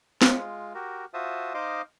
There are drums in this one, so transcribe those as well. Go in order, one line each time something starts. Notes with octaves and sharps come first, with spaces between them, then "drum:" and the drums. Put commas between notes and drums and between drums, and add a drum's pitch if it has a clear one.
G#3 F4, drum: snare
F#4 G4 A#4
F4 F#4 C5 E5 A5 D#6
D#4 C5 D#5 F5 C6 D6